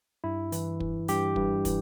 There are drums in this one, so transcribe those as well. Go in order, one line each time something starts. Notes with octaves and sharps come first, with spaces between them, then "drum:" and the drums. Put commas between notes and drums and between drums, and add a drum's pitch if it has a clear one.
G2 E4
E3, drum: hi-hat
E3, drum: kick
G2 G4, drum: hi-hat
G2, drum: kick
E3, drum: kick, hi-hat